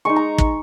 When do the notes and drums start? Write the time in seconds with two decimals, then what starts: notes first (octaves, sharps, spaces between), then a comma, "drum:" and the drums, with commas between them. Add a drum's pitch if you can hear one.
0.05 G#3 D#4 C#6
0.16 A#5
0.39 drum: kick